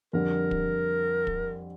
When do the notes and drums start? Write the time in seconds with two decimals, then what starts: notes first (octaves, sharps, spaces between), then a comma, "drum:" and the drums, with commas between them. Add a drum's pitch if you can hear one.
0.13 F2 D3 G3 A#4
0.51 drum: kick
1.27 drum: kick